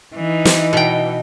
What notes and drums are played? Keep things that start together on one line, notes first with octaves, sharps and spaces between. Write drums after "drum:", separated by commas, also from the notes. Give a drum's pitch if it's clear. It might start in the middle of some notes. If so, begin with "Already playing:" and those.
E3 D#4
drum: snare
B2 G5